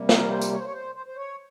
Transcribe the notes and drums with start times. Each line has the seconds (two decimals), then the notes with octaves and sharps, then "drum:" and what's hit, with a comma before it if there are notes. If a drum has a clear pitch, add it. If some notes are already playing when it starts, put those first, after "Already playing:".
Already playing: C3 G3 A#3
0.09 A#4, drum: snare
0.30 C5
0.41 drum: tambourine
0.52 C#5
0.58 C5
0.65 C#5
0.73 C5
0.95 C5
1.06 C5
1.16 C#5